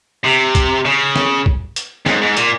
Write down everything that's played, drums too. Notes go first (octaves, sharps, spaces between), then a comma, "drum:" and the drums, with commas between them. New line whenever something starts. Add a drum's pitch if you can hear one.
C3
drum: kick, hi-hat
C#3
drum: snare
drum: kick
drum: hi-hat
G#2, drum: snare
G#2
A#2, drum: hi-hat